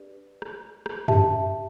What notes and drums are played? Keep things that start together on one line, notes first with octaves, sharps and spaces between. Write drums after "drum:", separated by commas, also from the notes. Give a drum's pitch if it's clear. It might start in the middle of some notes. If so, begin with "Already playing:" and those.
Already playing: D4 G4 B4 D5
drum: rim click
drum: rim click
G4 E5 A5, drum: tom F#2